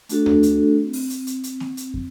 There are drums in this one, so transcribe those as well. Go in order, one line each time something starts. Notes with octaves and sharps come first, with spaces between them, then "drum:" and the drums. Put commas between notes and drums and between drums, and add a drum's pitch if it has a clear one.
A3 D4 F#4 A4, drum: hi-hat
drum: tom D#2
drum: hi-hat
C4
drum: open hi-hat
drum: hi-hat
drum: hi-hat
drum: hi-hat
drum: snare A#3
drum: hi-hat
drum: kick